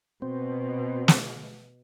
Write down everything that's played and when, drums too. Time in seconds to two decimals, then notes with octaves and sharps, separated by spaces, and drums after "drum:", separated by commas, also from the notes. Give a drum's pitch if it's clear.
0.22 B2 C4
1.08 drum: snare